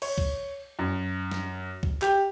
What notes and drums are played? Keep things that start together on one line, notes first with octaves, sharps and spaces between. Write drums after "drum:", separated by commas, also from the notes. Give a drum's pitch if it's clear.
C#5, drum: cymbal
drum: kick C2
F#2
drum: snare
drum: kick C2
G4, drum: clap